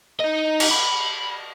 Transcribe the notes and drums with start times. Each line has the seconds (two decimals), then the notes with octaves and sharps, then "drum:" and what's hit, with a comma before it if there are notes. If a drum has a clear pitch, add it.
0.20 D#4 D#5
0.60 drum: cymbal
0.71 B5